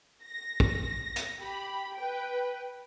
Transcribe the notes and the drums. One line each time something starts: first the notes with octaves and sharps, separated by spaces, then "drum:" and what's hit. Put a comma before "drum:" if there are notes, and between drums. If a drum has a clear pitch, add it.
A#6
drum: kick
drum: hi-hat
G4 B5
B4 G5